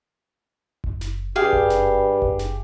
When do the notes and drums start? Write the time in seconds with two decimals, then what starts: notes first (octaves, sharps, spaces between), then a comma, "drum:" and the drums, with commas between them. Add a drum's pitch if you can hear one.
0.84 drum: kick F#1
1.01 drum: snare
1.36 G2 G4 G#4 F5
1.53 drum: kick F#1
1.70 drum: snare
2.22 drum: kick F#1
2.39 drum: snare